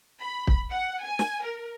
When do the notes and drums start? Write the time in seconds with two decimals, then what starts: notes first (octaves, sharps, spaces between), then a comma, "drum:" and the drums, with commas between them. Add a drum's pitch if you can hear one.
0.20 B5
0.47 drum: kick
0.69 F#5
1.02 G#5
1.19 drum: snare
1.43 A#4